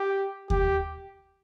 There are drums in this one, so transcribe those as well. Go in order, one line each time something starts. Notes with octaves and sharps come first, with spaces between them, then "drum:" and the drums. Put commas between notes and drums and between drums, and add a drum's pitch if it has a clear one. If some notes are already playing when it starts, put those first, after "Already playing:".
Already playing: G4
G4, drum: kick D#2